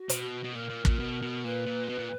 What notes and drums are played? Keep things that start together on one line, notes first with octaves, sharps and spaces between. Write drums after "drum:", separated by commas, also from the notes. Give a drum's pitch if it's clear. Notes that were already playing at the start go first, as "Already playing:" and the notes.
Already playing: F#4
B2, drum: hi-hat
B2
A#2 A#4
A#2
A#2, drum: kick
B2
B2
A#2 B4
A#2
B2
A#2